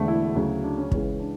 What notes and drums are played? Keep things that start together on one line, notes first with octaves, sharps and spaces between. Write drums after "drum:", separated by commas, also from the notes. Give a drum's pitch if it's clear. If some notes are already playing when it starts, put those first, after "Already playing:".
Already playing: E1 E2 D3 A3
E4
D2 C#3 F#3
D4
C#4
C#2 C#3 E3, drum: kick
D4